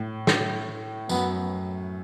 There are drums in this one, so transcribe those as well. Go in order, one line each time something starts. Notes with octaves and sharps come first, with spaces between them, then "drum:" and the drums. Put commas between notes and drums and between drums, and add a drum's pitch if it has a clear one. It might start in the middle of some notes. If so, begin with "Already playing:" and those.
Already playing: A2
drum: snare
F#2 B3, drum: tambourine